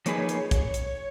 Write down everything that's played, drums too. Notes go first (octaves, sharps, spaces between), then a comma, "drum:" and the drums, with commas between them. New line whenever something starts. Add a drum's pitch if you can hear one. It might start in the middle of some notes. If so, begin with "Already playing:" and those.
F3 A#3 D#4 G#4 B4 C#5, drum: hi-hat
drum: hi-hat
drum: kick, hi-hat
drum: hi-hat